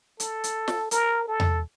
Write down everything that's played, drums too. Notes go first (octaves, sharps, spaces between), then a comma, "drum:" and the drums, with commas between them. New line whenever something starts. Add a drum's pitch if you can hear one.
A4, drum: hi-hat
drum: hi-hat
drum: snare
A#4, drum: hi-hat
A4
drum: tom E2